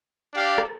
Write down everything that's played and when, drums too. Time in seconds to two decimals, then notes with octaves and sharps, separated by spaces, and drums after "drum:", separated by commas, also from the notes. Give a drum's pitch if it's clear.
0.34 D4 G4 D5 F5
0.58 drum: rim click